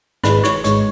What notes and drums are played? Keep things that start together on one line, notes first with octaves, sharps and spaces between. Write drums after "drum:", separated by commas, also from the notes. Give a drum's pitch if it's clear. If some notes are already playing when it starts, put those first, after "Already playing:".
G#1 G#2 G#3 B4, drum: rim click
C#5, drum: rim click
G#1 G#2 G#3 C#5, drum: hi-hat